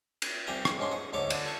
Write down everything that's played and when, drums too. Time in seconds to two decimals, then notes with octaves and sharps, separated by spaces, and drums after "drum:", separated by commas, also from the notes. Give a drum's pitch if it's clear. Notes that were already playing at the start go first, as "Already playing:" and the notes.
0.22 drum: cymbal
0.47 C2 G3 G5 G#5 A#5
0.65 drum: rim click
0.79 G#2 C#4 D4 C6
0.91 G#4 F#5
1.13 D2 G#2 C#5 E5 A5 D6
1.30 D3, drum: cymbal
1.46 A4 C#6